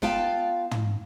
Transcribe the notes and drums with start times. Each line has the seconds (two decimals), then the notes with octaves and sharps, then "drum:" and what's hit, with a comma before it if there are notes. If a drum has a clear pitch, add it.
0.02 B3 F4 F5 G5 A5, drum: snare
0.71 drum: tom